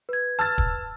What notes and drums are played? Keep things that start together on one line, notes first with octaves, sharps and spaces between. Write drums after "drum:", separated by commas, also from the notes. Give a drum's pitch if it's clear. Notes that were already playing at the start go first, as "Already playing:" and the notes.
B4 G#6
A5 E6 F6 A6
drum: kick